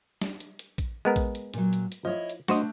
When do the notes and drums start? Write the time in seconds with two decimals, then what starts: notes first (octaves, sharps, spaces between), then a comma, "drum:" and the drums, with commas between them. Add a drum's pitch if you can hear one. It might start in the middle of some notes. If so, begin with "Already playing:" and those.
0.22 drum: snare
0.40 drum: hi-hat
0.59 drum: hi-hat
0.78 drum: kick, hi-hat
1.05 G#3 B3 A#4
1.16 drum: kick, hi-hat
1.35 drum: hi-hat
1.54 A#2 F#3, drum: hi-hat
1.73 drum: hi-hat
1.92 drum: hi-hat
2.05 F3 E4 C#5 D#5
2.30 drum: hi-hat
2.48 A3 D4 F#4 C5 D#5, drum: snare